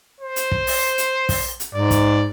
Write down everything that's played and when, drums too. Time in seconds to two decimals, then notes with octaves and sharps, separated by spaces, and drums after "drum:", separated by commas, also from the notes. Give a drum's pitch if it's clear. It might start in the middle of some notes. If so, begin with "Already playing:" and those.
0.21 C5
0.36 drum: hi-hat
0.52 drum: kick
0.67 drum: open hi-hat
0.98 drum: hi-hat
1.29 drum: kick, open hi-hat
1.60 drum: hi-hat
1.74 G#2 D5
1.91 drum: kick, hi-hat